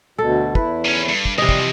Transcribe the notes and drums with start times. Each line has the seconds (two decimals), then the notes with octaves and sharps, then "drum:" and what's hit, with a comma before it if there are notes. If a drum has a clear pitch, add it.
0.18 D2 B2 A4
0.55 E2 E4 B4, drum: kick
0.85 D#3 C#4
1.09 G2
1.25 drum: kick
1.38 C3 E3 F3 G3 D#5
1.49 drum: kick